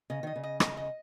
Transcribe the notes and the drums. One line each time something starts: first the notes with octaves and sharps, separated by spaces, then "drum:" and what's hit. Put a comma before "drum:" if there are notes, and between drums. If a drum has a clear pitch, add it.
C#3 D#5
D#3 D#5
C#3
D#5
D#5, drum: rim click
D#5